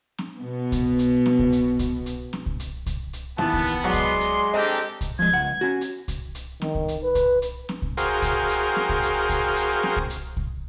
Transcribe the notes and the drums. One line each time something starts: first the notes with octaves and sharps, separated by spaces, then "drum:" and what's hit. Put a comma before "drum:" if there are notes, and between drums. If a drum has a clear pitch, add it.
drum: snare C4
B2 B3
drum: kick C2, hi-hat
drum: hi-hat
drum: snare C4
drum: kick C2
drum: hi-hat
drum: kick C2, hi-hat
drum: hi-hat
drum: snare C4
drum: kick C2
drum: hi-hat
drum: kick C2, hi-hat
drum: hi-hat
D#2 E3 B3 A5, drum: snare C4
drum: kick C2
drum: hi-hat
F#3 G#3 D#4 D5 C6
drum: kick C2, hi-hat
drum: hi-hat
C4 D4 G4 A4 D#5 A#5
drum: hi-hat
drum: kick C2, hi-hat
F3 G#3 G#6
C#2 F#5
C#4 F#4
drum: hi-hat
drum: kick C2, hi-hat
drum: hi-hat
D#3, drum: snare C4
drum: kick C2
drum: hi-hat
B4
drum: kick C2, hi-hat
drum: hi-hat
drum: snare C4
drum: kick C2
F#4 G#4 A#4 C5 F5 G5, drum: hi-hat
drum: kick C2, hi-hat
drum: hi-hat
drum: snare C4
drum: kick C2
drum: hi-hat
drum: kick C2, hi-hat
drum: hi-hat
drum: snare C4
drum: kick C2
drum: hi-hat
drum: kick C2